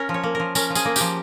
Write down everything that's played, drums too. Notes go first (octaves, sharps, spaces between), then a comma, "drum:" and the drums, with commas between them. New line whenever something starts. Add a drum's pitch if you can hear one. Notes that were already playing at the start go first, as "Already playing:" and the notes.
Already playing: C#4 A#4
F3
C#5
A#3
F3 A#4
C#4 A#4, drum: tambourine
F3
G#4, drum: tambourine
A#3
F3 G4, drum: tambourine